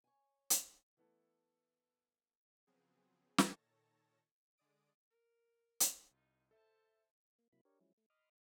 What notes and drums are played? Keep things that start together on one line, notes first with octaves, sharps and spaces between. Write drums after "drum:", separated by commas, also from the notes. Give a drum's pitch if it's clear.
C#5 G#5
drum: hi-hat
E3 A3 B3 E4 A4
C#3 F3 F#3 B3 C4 G#4
drum: snare
A#2 D#3 A4 C#5 A5 A#6
D3 G#3 D5 D#6 D7
A#4
drum: hi-hat
C2 D#4 F4
A4 C5 E5 A5
A#3
C3 F#3 A#3 E4 B5
D4 G4 A#4 C#5
F3 F#3 G#3 C#4 E4
A3
D#5 B5 C6 D6 D#6 F6